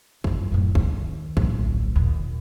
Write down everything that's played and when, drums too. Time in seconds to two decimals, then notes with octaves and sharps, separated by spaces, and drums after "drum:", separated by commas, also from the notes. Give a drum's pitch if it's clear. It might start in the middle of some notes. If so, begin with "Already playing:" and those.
0.24 G1 F2, drum: kick
0.52 F#2 A2
0.75 D#2, drum: kick
1.37 D1 A#1, drum: kick
1.95 A#1 D#2